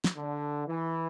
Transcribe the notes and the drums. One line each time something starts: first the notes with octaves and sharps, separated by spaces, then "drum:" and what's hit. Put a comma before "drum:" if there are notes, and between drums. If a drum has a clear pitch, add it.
drum: snare
D3
E3